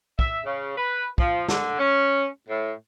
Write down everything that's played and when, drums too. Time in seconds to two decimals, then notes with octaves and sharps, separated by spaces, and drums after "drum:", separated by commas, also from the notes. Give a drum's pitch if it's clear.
0.19 E5, drum: kick
0.45 C#3
0.78 B4
1.18 F3, drum: kick
1.48 D3, drum: snare
1.79 C#4
2.49 A2